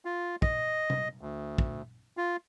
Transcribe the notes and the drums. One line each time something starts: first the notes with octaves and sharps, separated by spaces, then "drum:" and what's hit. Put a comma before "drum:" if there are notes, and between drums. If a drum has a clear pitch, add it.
F4
D#5, drum: kick
drum: tom C3
D2
drum: kick
F4